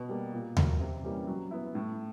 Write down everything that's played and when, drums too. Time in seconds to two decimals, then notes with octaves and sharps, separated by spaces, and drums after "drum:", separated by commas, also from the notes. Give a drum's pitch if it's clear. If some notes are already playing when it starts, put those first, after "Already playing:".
Already playing: B2
0.09 G3 A#3
0.33 A#2
0.57 F#3 A#3, drum: tom D#2
0.80 C3
1.03 E3 G3 A#3 C#4
1.27 F#3
1.51 B3 E4
1.75 A2